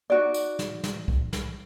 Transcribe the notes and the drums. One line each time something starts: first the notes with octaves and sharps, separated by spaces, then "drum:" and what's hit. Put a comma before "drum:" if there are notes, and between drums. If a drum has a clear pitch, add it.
D#4 F#4 D5
drum: tambourine
drum: snare
drum: snare
drum: kick
drum: snare